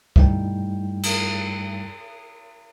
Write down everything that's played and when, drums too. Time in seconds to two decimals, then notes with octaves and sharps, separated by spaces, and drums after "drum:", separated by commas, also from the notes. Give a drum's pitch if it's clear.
0.16 G2 G3 A3 D#4 E4 G5, drum: kick
1.03 drum: cymbal